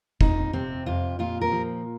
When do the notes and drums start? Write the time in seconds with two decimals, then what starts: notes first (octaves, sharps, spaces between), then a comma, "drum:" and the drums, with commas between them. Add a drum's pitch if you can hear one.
0.21 F2 D#4, drum: kick
0.53 C3 C4
0.86 F2 F4
1.19 A#2 F4
1.41 A#4
1.52 F3